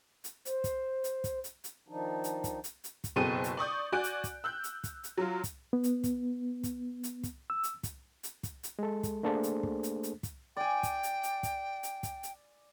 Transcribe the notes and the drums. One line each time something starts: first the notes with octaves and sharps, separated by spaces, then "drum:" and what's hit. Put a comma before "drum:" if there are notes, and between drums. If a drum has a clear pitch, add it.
drum: hi-hat
C5, drum: hi-hat
drum: kick, hi-hat
drum: hi-hat
drum: kick, hi-hat
drum: hi-hat
drum: hi-hat
D#3 F3 D4 D#4
drum: hi-hat
drum: kick, hi-hat
drum: hi-hat
drum: hi-hat
drum: kick, hi-hat
F#1 B2 C4 G#4 A4 D#7
drum: hi-hat
D5 C#6 D#6 G6
F#4 D5 G#5 F#6 G6 D7
drum: hi-hat
drum: kick, hi-hat
E6 F#6 G6
drum: hi-hat
drum: kick, hi-hat
drum: hi-hat
F#3 F4
drum: kick, hi-hat
B3
drum: hi-hat
drum: kick, hi-hat
drum: kick, hi-hat
drum: hi-hat
drum: kick, hi-hat
E6
drum: hi-hat
drum: kick, hi-hat
drum: hi-hat
drum: kick, hi-hat
drum: hi-hat
G#3 A4
drum: kick, hi-hat
A3 A#3 D4 G#4 A4 C5
drum: hi-hat
drum: kick
drum: hi-hat
drum: hi-hat
drum: kick, hi-hat
D5 G5 G#5
drum: kick, hi-hat
drum: hi-hat
drum: hi-hat
drum: kick, hi-hat
drum: hi-hat
drum: kick, hi-hat
drum: hi-hat